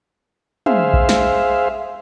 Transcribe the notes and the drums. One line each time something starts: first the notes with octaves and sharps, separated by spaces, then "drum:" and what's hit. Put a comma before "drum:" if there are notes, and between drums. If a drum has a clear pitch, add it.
G#4 C5 E5 F5, drum: tom
drum: kick A#1
drum: snare